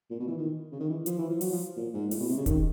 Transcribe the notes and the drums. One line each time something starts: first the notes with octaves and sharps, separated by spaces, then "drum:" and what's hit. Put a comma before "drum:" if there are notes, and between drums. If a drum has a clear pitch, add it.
A#2
B2
E3
D#3
C#3
D#3
E3
F3, drum: hi-hat
E3
F3
F#3, drum: open hi-hat
F3
A#2
G#2
A2, drum: open hi-hat
B2
C3
C#3
D#3, drum: kick D#1, hi-hat